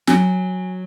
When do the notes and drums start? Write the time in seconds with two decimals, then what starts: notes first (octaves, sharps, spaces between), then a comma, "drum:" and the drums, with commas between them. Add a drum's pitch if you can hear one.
0.07 F#3 G#5, drum: snare